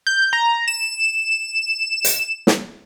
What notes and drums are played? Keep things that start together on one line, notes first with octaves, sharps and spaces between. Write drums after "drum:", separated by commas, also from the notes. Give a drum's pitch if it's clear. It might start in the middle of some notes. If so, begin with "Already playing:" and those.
G6
A#5
E7
drum: hi-hat
drum: snare